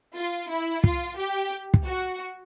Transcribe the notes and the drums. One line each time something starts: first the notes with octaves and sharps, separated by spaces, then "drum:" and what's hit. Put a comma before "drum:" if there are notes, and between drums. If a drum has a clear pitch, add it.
F4
E4
F4, drum: kick
G4
drum: kick
F#4